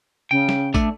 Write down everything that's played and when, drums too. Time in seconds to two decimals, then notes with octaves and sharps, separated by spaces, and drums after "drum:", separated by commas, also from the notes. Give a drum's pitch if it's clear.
0.31 C#3 G5
0.49 drum: snare
0.74 A3 D4, drum: kick A1, tambourine